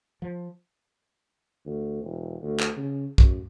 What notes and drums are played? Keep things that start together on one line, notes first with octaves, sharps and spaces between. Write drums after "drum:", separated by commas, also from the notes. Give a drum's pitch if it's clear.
F3
D2
E1
D2
drum: clap
C#3
F#2, drum: kick